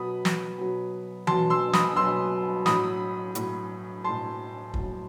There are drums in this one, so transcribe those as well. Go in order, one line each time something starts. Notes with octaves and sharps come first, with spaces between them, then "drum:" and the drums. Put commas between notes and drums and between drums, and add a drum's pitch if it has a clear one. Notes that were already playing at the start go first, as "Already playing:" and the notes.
Already playing: B2 F#3 B5 D#6
drum: snare
B2 F#3
B2 F#3 A5 C6, drum: tom E3
C6 E6
B5 D#6, drum: snare
B2 F#3 C6 E6
A2 F#3 B5 D#6, drum: snare
A2 F#3, drum: hi-hat
A2 F#3 A5 C6
A2 F#3, drum: kick